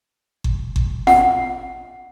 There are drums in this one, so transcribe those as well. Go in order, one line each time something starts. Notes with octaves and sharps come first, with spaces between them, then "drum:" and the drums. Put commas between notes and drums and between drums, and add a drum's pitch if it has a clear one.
drum: kick G1
drum: kick G1
F#5, drum: snare